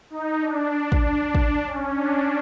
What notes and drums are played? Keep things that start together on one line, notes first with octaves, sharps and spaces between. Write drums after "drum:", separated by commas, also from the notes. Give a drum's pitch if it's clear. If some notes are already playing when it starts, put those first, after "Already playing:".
D#4
D4
drum: kick
D4
D4, drum: kick
C#4
D4